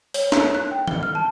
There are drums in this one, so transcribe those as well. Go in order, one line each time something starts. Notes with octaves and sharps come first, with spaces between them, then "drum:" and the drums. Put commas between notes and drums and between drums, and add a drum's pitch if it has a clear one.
C#5, drum: open hi-hat
A#5, drum: snare
F#6
G5
G7, drum: tom D#3
F6
A5